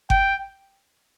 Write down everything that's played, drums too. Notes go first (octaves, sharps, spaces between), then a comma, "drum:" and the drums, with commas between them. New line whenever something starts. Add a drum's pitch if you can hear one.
G5, drum: kick G1